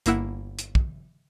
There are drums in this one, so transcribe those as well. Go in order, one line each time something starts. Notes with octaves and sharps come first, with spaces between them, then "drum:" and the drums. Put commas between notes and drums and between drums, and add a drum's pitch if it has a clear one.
G1 A#3 E4 E5 F#5, drum: hi-hat
drum: hi-hat
drum: kick